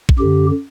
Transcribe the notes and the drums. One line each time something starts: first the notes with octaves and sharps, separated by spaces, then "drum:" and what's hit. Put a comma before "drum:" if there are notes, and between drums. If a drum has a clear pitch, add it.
drum: kick A#1
F#2 D3 G4